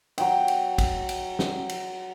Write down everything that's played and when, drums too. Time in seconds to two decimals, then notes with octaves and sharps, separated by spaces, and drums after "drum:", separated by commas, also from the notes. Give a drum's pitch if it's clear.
0.18 F#3 G5, drum: cymbal
0.48 drum: cymbal
0.78 drum: kick, cymbal
1.09 drum: cymbal
1.39 drum: snare
1.69 drum: cymbal